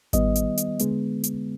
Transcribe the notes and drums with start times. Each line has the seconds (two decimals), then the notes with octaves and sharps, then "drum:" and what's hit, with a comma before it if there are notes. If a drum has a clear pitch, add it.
0.13 D#3 G3 B3 D#5, drum: kick G#1, hi-hat
0.36 drum: hi-hat
0.58 drum: hi-hat
0.79 D3 G#3 B3, drum: hi-hat
1.24 drum: hi-hat